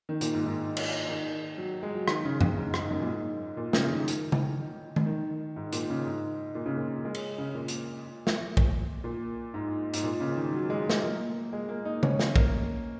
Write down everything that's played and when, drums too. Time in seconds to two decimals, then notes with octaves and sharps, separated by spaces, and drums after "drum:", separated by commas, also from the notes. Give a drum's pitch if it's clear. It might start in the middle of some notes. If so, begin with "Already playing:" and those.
0.09 D#3
0.21 A#2, drum: hi-hat
0.34 G#2
0.46 G#2
0.77 drum: cymbal
1.09 D#3
1.58 F#3
1.83 G#3
1.95 F#3
2.08 D#3, drum: rim click
2.24 C#3
2.41 C#3, drum: tom F#2
2.57 G#2
2.74 G#2, drum: rim click
2.91 F#2
3.01 A#2
3.07 G#2
3.57 A#2
3.73 C#3, drum: snare
3.90 D#3
4.08 drum: hi-hat
4.32 drum: tom C#3
4.96 drum: tom D#3
5.06 D#3
5.56 G#2
5.73 A#2, drum: hi-hat
5.89 C#3
6.06 G#2
6.55 A#2
6.66 C#3
6.77 A#2
7.05 G#3
7.15 drum: cymbal
7.38 C#3
7.55 A#2
7.68 drum: hi-hat
8.27 drum: snare
8.57 drum: kick
9.04 A#2
9.54 G#2
9.94 G#2, drum: hi-hat
10.04 A#2
10.20 C#3
10.36 D#3
10.52 F#3
10.70 G#3
10.90 drum: snare
11.03 A#3
11.53 G#3
11.69 A#3
11.85 D#4
12.03 C#4, drum: tom C#3
12.19 C#4, drum: snare
12.36 A#3, drum: kick